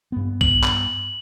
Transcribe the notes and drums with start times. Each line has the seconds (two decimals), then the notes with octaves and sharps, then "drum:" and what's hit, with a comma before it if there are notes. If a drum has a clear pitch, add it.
0.12 G2 B3
0.41 F#7, drum: kick A#1
0.63 drum: clap